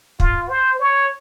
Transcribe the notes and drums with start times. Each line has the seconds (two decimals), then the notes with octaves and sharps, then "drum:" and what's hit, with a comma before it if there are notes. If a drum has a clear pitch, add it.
0.20 F4, drum: kick
0.49 C5
0.79 C#5